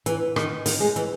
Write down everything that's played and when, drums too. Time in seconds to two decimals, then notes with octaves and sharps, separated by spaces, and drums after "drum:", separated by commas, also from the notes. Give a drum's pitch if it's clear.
0.06 E3, drum: hi-hat
0.36 D#3, drum: rim click
0.66 D#3, drum: open hi-hat
0.80 G#3
0.96 E3, drum: hi-hat